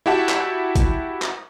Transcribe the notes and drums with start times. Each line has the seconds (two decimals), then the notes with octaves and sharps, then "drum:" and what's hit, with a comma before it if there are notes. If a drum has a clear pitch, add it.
0.06 E4 F#4 G4 E5 F#5 A5
0.29 drum: clap
0.75 drum: kick G#1, hi-hat
1.22 drum: clap